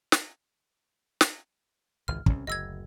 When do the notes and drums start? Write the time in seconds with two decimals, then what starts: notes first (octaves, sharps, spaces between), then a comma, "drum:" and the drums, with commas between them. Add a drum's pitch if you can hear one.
0.12 drum: snare
1.21 drum: snare
2.08 G#1 C#2 E3 F6
2.26 C2 G3 C#4, drum: kick
2.47 F#1 D2 D#5 E6 G#6